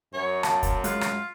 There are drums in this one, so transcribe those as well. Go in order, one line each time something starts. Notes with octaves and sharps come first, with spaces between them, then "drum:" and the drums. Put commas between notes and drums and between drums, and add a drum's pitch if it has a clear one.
F#2 C#5
A#3 A5, drum: rim click
drum: kick, hi-hat
G#3 F4 F#6, drum: hi-hat
drum: rim click